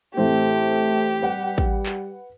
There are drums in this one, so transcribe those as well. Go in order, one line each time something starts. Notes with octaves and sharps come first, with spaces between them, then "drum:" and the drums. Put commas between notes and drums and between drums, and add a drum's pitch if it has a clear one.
A2 E3 A3 C4 G4
G3 B4 F#5
drum: kick
drum: clap